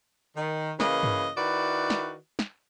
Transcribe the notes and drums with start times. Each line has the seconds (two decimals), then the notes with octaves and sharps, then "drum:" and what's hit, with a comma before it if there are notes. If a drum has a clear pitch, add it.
0.37 D#3
0.80 C#3 E3 A#3 B4 D#5, drum: snare
1.03 drum: tom G2
1.38 D#3 E4 F#4 B4 D5
1.90 drum: snare
2.39 drum: snare